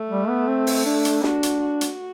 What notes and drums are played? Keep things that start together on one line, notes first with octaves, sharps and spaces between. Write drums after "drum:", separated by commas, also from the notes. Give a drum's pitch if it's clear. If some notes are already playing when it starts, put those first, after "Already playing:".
Already playing: A3
G3
B3
C4
drum: open hi-hat
D4
drum: hi-hat
D4 F#4, drum: snare
drum: hi-hat
F#4
drum: hi-hat